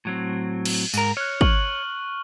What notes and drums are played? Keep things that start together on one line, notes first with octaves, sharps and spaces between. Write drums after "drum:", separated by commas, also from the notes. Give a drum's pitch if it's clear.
A2 F#3 C4
drum: cymbal
G#2 A#4, drum: tambourine
C#5 F6 F#6
C#6 F6 F#7, drum: kick